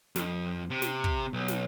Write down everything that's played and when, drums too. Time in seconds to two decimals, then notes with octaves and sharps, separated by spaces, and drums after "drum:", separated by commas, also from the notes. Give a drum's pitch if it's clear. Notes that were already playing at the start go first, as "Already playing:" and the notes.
0.16 F2, drum: snare
0.70 C3
0.82 drum: snare
1.04 drum: kick
1.33 B1
1.48 drum: snare